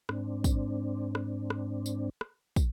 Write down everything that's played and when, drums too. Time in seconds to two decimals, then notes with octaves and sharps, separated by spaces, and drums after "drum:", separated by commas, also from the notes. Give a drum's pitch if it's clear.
0.09 G#2 C4 D4, drum: rim click
0.44 drum: kick, tambourine
1.15 drum: rim click
1.50 drum: rim click
1.86 drum: tambourine
2.21 drum: rim click
2.56 drum: kick, tambourine